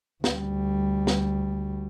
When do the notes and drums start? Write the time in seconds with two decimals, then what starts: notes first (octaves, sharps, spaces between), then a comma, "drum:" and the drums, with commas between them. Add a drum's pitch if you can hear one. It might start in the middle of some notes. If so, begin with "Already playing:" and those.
0.24 D2 G3, drum: snare
1.07 drum: snare